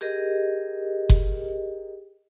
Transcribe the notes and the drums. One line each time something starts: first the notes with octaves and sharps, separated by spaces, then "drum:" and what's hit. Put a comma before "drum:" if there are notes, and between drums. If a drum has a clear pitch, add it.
G4 G#4 A#4 D#5
drum: kick F#1